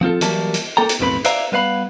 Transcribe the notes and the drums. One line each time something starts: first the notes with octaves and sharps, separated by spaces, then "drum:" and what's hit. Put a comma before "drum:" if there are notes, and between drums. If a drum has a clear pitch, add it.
F3 C4 F4 A4
E3 F#3 G3 A#3 A5, drum: hi-hat
drum: hi-hat
A#3 A4 G5 A#5
drum: hi-hat
B1 F2 A2 C4 B4 B5
B4 C5 D5 E5 F5 A#5, drum: hi-hat
G3 B3 B4 F5 B5